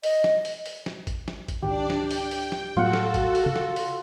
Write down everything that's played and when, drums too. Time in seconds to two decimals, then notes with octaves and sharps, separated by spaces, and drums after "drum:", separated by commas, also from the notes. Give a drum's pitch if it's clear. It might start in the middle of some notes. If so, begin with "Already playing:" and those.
0.03 D#5, drum: open hi-hat
0.24 drum: snare
0.45 drum: open hi-hat
0.66 drum: open hi-hat
0.86 drum: snare
1.07 drum: kick, hi-hat
1.28 drum: snare
1.48 drum: kick, hi-hat
1.62 C#2 G#2 D#3 D4 G4 D5
1.90 drum: snare
2.00 G5
2.11 drum: open hi-hat
2.31 drum: open hi-hat
2.52 drum: snare
2.77 A2 F#3 B3 F4 F#4 A4 F#5
2.93 drum: snare
3.14 drum: kick, hi-hat
3.35 drum: open hi-hat
3.46 C#3
3.56 drum: snare
3.76 drum: open hi-hat